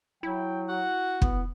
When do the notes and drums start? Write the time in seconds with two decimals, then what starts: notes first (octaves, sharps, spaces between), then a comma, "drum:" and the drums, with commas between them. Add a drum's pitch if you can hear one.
0.23 F#3 E4 G5
0.69 F#4 F#5
1.22 B3, drum: kick